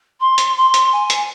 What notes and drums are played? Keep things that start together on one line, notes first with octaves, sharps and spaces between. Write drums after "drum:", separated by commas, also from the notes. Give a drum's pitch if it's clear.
C6
drum: hi-hat
C6
drum: hi-hat
G#5
drum: hi-hat